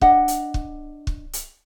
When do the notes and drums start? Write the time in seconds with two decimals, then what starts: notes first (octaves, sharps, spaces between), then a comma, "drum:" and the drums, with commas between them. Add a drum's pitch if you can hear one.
0.01 D4 D#5 F#5, drum: kick
0.28 drum: hi-hat
0.54 drum: kick
1.07 drum: kick
1.33 drum: hi-hat